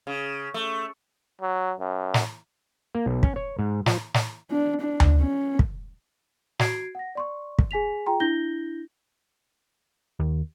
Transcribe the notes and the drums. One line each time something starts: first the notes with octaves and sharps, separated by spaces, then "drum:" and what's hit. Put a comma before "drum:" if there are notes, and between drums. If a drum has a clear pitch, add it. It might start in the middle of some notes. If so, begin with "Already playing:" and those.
C#3
A3
F#3
F#2
drum: snare
A#3
B1
C#4, drum: kick
C#5
G#2
F3, drum: snare
drum: snare
D4
D4
drum: tom D2
C#4
drum: kick
F#4 G#6 C7 D7, drum: snare
F#5 A#6
D5 C6 C#6
drum: kick
G#4 G#5 B6 F7
F4 G#4 G5 A#5 C6
D4 E4 G6 A#6 G7
D#2